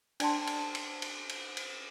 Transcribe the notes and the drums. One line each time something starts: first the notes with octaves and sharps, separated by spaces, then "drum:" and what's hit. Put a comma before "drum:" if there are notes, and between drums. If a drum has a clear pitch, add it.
D4 D5 G5 A5 C6, drum: cymbal
drum: cymbal
drum: cymbal
drum: cymbal
drum: cymbal
drum: cymbal